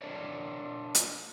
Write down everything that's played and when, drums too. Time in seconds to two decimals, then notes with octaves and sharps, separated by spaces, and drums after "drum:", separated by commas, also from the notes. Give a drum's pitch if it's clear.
0.02 D4 A#4 C#5 D5
0.95 drum: hi-hat